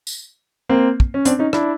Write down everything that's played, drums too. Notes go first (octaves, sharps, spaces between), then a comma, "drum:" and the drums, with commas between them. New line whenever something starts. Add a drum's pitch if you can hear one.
drum: tambourine
A#3 C4
drum: kick
C#4
C4 D4, drum: hi-hat
C#4 D#4
D4 E4, drum: rim click